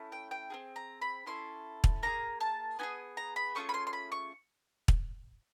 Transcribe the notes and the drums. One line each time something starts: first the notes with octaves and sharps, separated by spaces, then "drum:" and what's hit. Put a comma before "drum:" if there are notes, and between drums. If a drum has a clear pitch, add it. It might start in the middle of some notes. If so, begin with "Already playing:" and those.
Already playing: A3 C#4 E4
G5
G5
C4 F4 G#4
A#5
B5
C#4 E4 A4 C6
drum: kick
A#3 D#4 G#4 A#5
A5
B3 D#4 G#4 G#5
A#5
B5
A3 C#4 F4 G#4 C#6
B5
C6
C6
B5
C#6
drum: kick